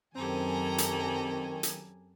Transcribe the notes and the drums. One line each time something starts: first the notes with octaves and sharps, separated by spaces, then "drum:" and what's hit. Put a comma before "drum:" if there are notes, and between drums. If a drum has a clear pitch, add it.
F#2 D#3 C4 G4 A4 G#5 A#5
drum: hi-hat
drum: hi-hat